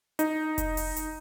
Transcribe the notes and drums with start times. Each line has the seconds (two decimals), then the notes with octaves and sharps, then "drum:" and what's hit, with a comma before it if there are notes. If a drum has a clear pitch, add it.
0.19 D#4, drum: hi-hat
0.58 drum: kick F1, hi-hat
0.77 drum: open hi-hat
0.96 drum: hi-hat